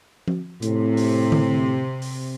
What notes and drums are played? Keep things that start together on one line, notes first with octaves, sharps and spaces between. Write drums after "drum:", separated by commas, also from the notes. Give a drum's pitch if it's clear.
drum: tom F3
A2 C3, drum: hi-hat
drum: open hi-hat
drum: tom D3
drum: open hi-hat